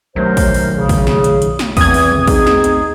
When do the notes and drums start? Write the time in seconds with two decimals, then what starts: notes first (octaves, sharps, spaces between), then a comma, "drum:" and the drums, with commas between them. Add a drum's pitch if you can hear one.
0.16 B1 C3 D#3 F#3 A3 A#4 C5
0.37 drum: kick, open hi-hat
0.54 drum: open hi-hat
0.76 C#3
0.89 drum: kick, open hi-hat
1.07 drum: snare
1.24 drum: hi-hat
1.42 drum: hi-hat
1.59 drum: snare
1.77 E2 E3 C4 D#6 G#6, drum: kick, open hi-hat
1.94 drum: open hi-hat
2.12 drum: tom
2.27 D#4 G#4, drum: kick, open hi-hat
2.47 drum: snare
2.64 drum: hi-hat